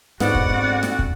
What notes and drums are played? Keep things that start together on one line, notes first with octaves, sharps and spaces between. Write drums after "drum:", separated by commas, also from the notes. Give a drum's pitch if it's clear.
G#2 B3 D4 F#4 A4 D5 F#5, drum: snare
drum: kick
A3 C4 F#4
drum: snare
drum: kick